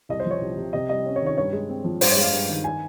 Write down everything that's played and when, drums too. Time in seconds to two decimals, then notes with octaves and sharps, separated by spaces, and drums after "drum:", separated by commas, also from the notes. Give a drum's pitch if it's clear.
0.09 C2 D#5
0.20 C5
0.25 F3
0.31 C#5
0.42 C2
0.57 C3
0.73 C3 D#5
0.89 G3 D#5
1.05 C#4
1.16 C#5
1.21 D#3
1.26 C#5
1.37 G2 C#5
1.53 G#3
1.69 C4
1.84 F3
2.01 G2 C5, drum: open hi-hat
2.11 C#5
2.16 G#3
2.22 F5
2.32 G2
2.49 D#3
2.64 G#5